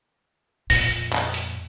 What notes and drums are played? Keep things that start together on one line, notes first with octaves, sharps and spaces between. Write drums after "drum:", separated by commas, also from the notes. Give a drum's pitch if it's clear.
F2 A#2 A#6, drum: open hi-hat
drum: clap
drum: hi-hat